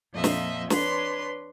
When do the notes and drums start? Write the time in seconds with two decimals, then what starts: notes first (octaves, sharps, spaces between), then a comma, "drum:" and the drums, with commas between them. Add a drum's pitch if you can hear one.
0.12 F2 A#2 F3 D#5 E5
0.24 drum: snare
0.70 D4 B4 C#5 C6, drum: snare